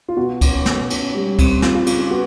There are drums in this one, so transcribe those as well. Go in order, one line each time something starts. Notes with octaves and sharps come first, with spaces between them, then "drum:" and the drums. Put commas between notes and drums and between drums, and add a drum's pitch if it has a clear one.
F4
B2 F#4
C#4, drum: kick C#2, cymbal
B2, drum: snare
C#4, drum: cymbal
G3
C4, drum: kick C#2, cymbal
C4 F4, drum: snare
F4
C#3 F4, drum: cymbal
F4
B3 F#4